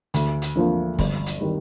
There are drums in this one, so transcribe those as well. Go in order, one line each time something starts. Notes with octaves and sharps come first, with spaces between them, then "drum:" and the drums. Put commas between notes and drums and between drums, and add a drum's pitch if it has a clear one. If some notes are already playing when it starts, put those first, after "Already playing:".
D2, drum: hi-hat
drum: hi-hat
D3 F3 A#3 F4
G1, drum: kick, open hi-hat
drum: hi-hat
D#3 G3